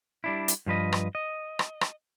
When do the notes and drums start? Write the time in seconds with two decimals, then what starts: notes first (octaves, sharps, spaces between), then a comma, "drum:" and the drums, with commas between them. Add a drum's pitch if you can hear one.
0.24 G3 D4 E4
0.48 drum: hi-hat
0.66 G2 F3 B4 D#5
0.92 drum: rim click
1.15 D#5
1.59 drum: rim click
1.81 drum: rim click